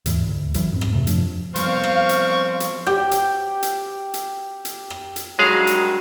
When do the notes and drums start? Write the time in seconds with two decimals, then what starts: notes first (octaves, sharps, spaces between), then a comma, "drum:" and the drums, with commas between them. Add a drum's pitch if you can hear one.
0.06 D#2 G#2 E3, drum: hi-hat
0.27 D2
0.54 A#1 F2 E3 F#3, drum: hi-hat
0.72 F2 G#2 C4
0.81 drum: rim click
0.93 E1 C3 A3
1.07 F#2 F3 D4, drum: hi-hat
1.56 F3 G3 B3 C4 F5 C#6, drum: hi-hat
1.84 drum: rim click
2.09 drum: hi-hat
2.60 drum: hi-hat
2.86 G4 G5, drum: rim click
3.11 drum: hi-hat
3.63 drum: hi-hat
4.14 drum: hi-hat
4.65 drum: hi-hat
4.90 drum: rim click
5.16 drum: hi-hat
5.39 G2 D#3 F#3 G#3 G#4 F5
5.67 drum: hi-hat